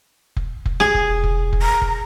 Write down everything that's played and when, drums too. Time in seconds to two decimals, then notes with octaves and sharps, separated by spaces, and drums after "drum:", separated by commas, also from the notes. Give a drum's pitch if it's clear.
0.36 drum: kick F1
0.66 drum: kick F1
0.80 G#4, drum: snare
0.95 drum: kick F1
1.09 E1
1.24 drum: kick F1
1.53 drum: kick F1
1.62 A#5
1.82 drum: kick F1